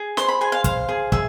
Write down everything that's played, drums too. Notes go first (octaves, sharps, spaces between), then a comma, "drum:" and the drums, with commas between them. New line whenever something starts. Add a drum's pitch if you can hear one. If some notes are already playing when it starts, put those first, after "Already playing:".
Already playing: G#4
C5 C6, drum: snare
B5
G#4 G#5
F5
C5 F5, drum: kick, hi-hat
G#4
G#4 E5, drum: kick